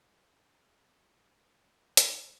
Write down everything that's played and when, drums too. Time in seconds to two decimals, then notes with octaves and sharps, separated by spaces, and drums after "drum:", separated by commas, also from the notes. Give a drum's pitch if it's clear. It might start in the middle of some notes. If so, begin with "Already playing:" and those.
0.50 A#3 C4
1.97 drum: hi-hat